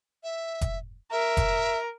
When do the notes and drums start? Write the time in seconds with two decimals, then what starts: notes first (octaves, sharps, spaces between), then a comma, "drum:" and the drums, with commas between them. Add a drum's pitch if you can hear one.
0.24 E5
0.61 drum: kick F1, hi-hat
1.12 A#4 E5
1.37 drum: kick F1, hi-hat